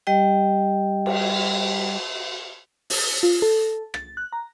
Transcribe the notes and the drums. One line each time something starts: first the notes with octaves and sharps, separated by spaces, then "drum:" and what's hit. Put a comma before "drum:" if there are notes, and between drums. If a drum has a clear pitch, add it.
G3 G4 D#5 G5
drum: cymbal
drum: open hi-hat
F4
A4
A6, drum: rim click
F#6
A#5